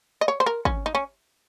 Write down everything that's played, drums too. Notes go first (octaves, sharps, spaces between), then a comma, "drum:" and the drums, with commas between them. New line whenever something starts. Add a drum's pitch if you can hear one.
D#5
C#5
C5
A#4
C#4, drum: kick
D#4
C#4